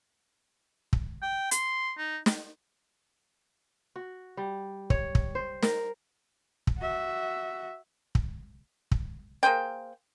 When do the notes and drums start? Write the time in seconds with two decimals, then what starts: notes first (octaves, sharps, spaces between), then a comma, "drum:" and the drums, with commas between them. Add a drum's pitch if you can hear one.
0.93 drum: kick
1.22 G5
1.51 C6, drum: hi-hat
1.98 D#4
2.26 drum: snare
3.96 F#4
4.37 G3
4.90 C#5, drum: kick
5.15 drum: kick
5.35 C5
5.62 A#4, drum: snare
6.67 drum: kick
6.78 F#4 E5
8.15 drum: kick
8.91 drum: kick
9.43 A#3 G#4 C5 G5